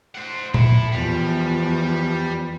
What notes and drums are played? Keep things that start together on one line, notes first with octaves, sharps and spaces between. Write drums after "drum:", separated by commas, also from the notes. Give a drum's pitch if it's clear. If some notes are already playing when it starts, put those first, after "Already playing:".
C5 F#5
E4 A4, drum: tom A#2
E2 F3 G3